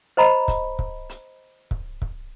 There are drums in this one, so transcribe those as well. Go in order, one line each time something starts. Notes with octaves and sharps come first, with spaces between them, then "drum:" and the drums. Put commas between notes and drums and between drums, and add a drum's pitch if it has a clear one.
C5 D#5 A#5 B5
drum: kick C#1, hi-hat
drum: kick C#1
drum: hi-hat
drum: kick C#1
drum: kick C#1